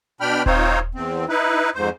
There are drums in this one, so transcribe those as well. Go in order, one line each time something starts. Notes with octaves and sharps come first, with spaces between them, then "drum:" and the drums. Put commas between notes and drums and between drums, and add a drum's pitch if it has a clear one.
B2 D4 G5 B5 F6
C4 D#4 F4 C5 C#5, drum: kick D#1
E2 C4
D#4 E4 B4
F2 G#2 C5